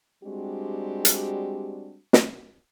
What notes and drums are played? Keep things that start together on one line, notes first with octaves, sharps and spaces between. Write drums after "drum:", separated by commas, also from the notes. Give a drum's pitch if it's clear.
G3 G#3 C4 D4 F#4 G4
drum: hi-hat
drum: snare